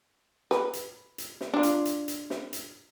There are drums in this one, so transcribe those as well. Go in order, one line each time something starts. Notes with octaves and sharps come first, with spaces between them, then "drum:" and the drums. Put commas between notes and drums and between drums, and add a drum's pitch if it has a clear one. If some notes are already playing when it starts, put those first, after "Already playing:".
B4, drum: snare
drum: hi-hat
drum: hi-hat
drum: snare
D4 F4
drum: hi-hat
drum: hi-hat
drum: hi-hat
drum: snare
drum: hi-hat